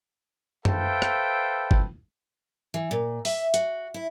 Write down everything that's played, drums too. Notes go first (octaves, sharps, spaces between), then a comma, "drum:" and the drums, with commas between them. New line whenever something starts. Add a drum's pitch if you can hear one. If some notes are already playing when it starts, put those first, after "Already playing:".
A4 B4 C5 E5 F5 G5, drum: tom F#2
drum: rim click
drum: kick
E3
A#2
E5, drum: open hi-hat
F#4, drum: hi-hat
E4